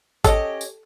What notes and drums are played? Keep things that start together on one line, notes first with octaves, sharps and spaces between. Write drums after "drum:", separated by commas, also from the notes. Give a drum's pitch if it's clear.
C#4 G4 A4 D#5, drum: kick G#1, tambourine
drum: tambourine